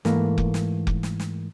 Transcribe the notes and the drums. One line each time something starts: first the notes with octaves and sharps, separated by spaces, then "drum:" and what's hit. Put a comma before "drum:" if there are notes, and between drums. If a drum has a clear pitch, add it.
G#2 E3 A3 A#3, drum: snare
drum: kick F1
drum: snare
drum: kick F1
drum: snare
drum: snare